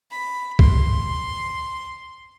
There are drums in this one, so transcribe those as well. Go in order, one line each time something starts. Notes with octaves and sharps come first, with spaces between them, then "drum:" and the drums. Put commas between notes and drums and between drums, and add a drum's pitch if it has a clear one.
B5
C6, drum: kick